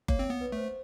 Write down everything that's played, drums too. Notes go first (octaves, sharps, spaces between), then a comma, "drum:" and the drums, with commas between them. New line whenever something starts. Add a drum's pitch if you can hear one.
A#3 C#5, drum: kick F#1
C4
B3
B4
A3 C5